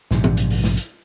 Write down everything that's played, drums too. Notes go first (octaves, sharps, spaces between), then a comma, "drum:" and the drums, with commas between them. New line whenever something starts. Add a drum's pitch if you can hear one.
A#1 G#2 C3, drum: snare
drum: tom E3
drum: hi-hat
drum: open hi-hat
drum: snare
drum: hi-hat